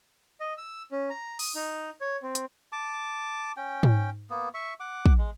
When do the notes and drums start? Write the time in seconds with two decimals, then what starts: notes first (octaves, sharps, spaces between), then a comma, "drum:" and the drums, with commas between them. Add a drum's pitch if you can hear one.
0.40 D#5
0.58 E6
0.91 C#4
1.10 A#5
1.39 D#6, drum: open hi-hat
1.55 D#4
2.01 C#5
2.22 C4
2.35 drum: hi-hat
2.72 A5 D6
3.57 C#4 G5
3.83 drum: tom G#2
4.30 A#3 B3
4.54 E5 C#6
4.80 F#5 D6
5.06 drum: kick
5.18 G#3